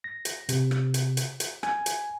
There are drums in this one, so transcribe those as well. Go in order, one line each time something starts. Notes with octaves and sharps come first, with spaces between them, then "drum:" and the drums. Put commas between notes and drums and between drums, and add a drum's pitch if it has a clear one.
A#6
drum: hi-hat
C3, drum: hi-hat
drum: rim click
drum: hi-hat
drum: hi-hat
drum: hi-hat
G#5, drum: rim click
drum: hi-hat